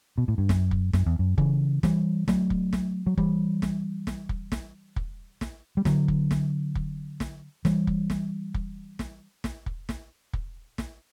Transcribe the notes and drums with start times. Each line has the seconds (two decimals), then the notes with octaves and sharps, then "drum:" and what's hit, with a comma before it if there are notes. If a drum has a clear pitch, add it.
0.18 B2
0.28 A2
0.38 G2
0.49 F#2, drum: snare
0.71 drum: kick
0.93 F#2, drum: snare
1.06 E2
1.19 F#2
1.38 C#3 E3, drum: kick
1.83 E3 G3, drum: snare
2.28 F#3 A3, drum: snare
2.50 drum: kick
2.73 drum: snare
3.07 F#3
3.17 E3 G3, drum: kick
3.62 drum: snare
4.07 drum: snare
4.29 drum: kick
4.52 drum: snare
4.96 drum: kick
5.41 drum: snare
5.77 G3
5.85 D3 F#3, drum: snare
6.08 drum: kick
6.31 drum: snare
6.75 drum: kick
7.20 drum: snare
7.65 E3 G3, drum: snare
7.87 drum: kick
8.10 drum: snare
8.54 drum: kick
8.99 drum: snare
9.44 drum: snare
9.66 drum: kick
9.89 drum: snare
10.33 drum: kick
10.78 drum: snare